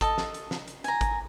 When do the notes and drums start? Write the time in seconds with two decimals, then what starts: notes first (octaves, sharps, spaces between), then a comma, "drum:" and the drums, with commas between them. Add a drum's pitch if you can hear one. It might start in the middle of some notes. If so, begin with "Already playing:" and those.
0.01 A4 D#5 A5, drum: kick G#1, hi-hat
0.18 drum: snare
0.34 drum: hi-hat
0.51 drum: snare
0.68 drum: hi-hat
0.84 G#5 A#5, drum: hi-hat
1.01 drum: kick G#1, hi-hat